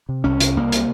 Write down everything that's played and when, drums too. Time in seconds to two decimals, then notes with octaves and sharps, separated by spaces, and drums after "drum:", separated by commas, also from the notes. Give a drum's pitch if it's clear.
0.09 C3
0.24 C2 C#4
0.40 C3, drum: hi-hat
0.56 C2 A#3
0.72 C3, drum: hi-hat